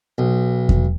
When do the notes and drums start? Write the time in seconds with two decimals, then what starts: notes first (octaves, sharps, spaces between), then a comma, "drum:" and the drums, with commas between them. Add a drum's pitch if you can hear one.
0.18 B1
0.69 drum: kick E2